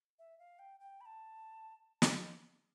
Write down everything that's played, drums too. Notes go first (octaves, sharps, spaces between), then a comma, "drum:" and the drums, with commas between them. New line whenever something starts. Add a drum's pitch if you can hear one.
E5
F5
G5
G5
B5
A5
drum: snare